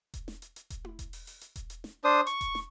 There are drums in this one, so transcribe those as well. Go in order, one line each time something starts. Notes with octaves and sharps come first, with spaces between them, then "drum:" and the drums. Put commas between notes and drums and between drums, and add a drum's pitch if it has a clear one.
drum: kick E1, hi-hat
drum: snare
drum: hi-hat
drum: hi-hat
drum: kick E1, hi-hat
drum: tom E4
drum: kick E1, hi-hat
drum: open hi-hat
drum: open hi-hat
drum: hi-hat
drum: kick E1, hi-hat
drum: hi-hat
drum: snare
D4 C5 D#6
C#6, drum: hi-hat
drum: kick E1, hi-hat
drum: snare